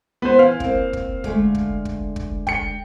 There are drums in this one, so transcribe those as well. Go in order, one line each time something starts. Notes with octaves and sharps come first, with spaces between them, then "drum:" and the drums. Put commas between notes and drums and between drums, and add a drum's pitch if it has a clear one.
B3 B4 C5
E3 F5
A#3 C4, drum: kick
drum: kick
D3 G#3 A3, drum: kick
drum: kick
drum: kick
drum: kick
G5 C#7, drum: kick